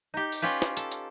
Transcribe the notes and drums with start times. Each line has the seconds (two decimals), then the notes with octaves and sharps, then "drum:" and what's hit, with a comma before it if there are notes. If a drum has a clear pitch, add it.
0.14 D#4 G4
0.32 drum: open hi-hat
0.42 C#4 F4 G4 B4
0.62 drum: snare
0.77 A4, drum: hi-hat
0.92 drum: hi-hat